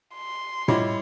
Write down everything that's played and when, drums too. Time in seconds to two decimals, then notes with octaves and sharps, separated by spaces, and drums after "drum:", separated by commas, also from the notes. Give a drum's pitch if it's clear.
0.15 C6
0.68 G3 E4 F4 C#5 D#5 D6, drum: tom A2